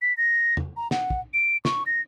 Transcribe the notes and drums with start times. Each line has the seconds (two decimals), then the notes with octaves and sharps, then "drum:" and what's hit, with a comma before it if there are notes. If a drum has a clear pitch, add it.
0.02 B6
0.17 A#6
0.57 drum: tom
0.77 A#5
0.91 F#5, drum: snare
1.10 drum: kick
1.34 D7
1.65 C#6, drum: snare
1.86 A#6